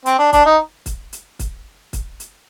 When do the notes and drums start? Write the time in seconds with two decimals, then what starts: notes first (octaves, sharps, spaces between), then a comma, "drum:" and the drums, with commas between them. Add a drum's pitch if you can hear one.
0.06 C4, drum: hi-hat
0.19 D4
0.33 D4, drum: kick, hi-hat
0.46 D#4
0.86 drum: kick, hi-hat
1.13 drum: hi-hat
1.39 drum: kick, hi-hat
1.93 drum: kick, hi-hat
2.20 drum: hi-hat